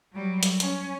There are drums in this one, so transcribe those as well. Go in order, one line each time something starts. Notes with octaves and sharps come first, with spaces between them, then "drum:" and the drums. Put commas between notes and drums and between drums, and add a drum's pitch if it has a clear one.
F#3 G3
drum: hi-hat
C#4, drum: hi-hat